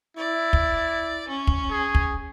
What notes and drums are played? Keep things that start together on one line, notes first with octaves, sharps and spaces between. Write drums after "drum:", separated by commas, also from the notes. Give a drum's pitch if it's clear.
E4 D5
drum: kick
C#4
drum: kick
G#4
drum: kick